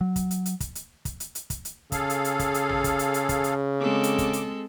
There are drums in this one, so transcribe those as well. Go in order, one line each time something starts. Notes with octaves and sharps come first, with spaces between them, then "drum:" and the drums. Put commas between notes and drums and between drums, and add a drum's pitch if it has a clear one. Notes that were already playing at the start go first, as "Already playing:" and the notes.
F#3
drum: kick, hi-hat
drum: hi-hat
drum: hi-hat
drum: kick, hi-hat
drum: hi-hat
drum: kick, hi-hat
drum: hi-hat
drum: hi-hat
drum: kick, hi-hat
drum: hi-hat
C#3 G#4 A4 F5, drum: kick, hi-hat
drum: hi-hat
drum: hi-hat
drum: kick, hi-hat
drum: hi-hat
drum: tom A1
drum: kick, hi-hat
drum: hi-hat
drum: hi-hat
drum: kick, hi-hat
drum: hi-hat
G#3 C4 A4 D6
drum: hi-hat
drum: kick, hi-hat
drum: hi-hat